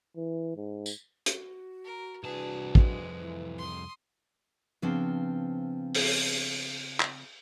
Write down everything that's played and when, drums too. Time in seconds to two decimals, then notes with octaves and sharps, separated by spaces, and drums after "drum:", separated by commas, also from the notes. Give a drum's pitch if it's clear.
0.16 E3
0.57 G#2
0.86 drum: tambourine
1.26 F#4, drum: hi-hat
1.84 A#4
2.24 C2 E3 D4 F#4 G#4 B4 A5
2.75 C2 F2 G#3, drum: kick
3.21 E3
3.58 C6 D#6
4.82 C#3 F3 B3 C4 D4
5.95 drum: open hi-hat
7.00 drum: clap